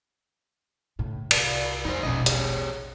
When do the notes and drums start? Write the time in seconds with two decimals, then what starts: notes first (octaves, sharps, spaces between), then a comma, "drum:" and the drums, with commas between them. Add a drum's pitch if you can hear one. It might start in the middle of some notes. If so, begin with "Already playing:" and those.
0.99 A2 C#3
1.31 C2 E4, drum: cymbal
1.85 F2 C#4 D#4 C5
2.03 E1 A#1 C#4 D#5
2.26 G4 G#4 C#5, drum: hi-hat